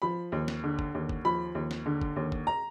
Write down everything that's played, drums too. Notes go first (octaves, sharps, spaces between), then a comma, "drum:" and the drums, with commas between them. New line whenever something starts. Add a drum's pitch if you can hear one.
F3 B5
D#2
drum: snare
D3
drum: kick
D#2
drum: kick
F3 B5
D#2
drum: snare
D3
drum: kick
D#2
drum: kick
A#5